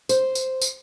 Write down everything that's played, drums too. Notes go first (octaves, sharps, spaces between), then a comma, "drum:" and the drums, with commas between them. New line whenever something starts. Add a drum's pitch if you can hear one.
C5, drum: tambourine
drum: tambourine
drum: tambourine